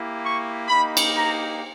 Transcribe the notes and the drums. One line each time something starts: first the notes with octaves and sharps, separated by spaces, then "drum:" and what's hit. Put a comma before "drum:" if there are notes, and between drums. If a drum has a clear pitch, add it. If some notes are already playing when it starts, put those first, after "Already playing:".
Already playing: A#3 E4 G4
C#6
A#3 D#4 G4 B5
drum: cymbal
A#5